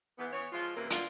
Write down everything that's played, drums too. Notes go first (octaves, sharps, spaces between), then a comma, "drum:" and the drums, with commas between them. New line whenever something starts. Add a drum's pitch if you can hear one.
G#2 E3 B3
E3 B3 C#5
F3 G#3 F4
F#2 C3 E3 A#3
D3 F4, drum: hi-hat